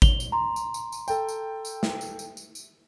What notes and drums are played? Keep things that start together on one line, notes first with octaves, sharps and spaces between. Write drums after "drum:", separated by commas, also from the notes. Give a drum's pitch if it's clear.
F7 G7, drum: kick G#1, tambourine
drum: tambourine
A#5 C6
drum: tambourine
drum: tambourine
drum: tambourine
A4 G5, drum: tambourine
drum: tambourine
drum: tambourine
drum: snare
drum: tambourine
drum: tambourine
drum: tambourine
drum: tambourine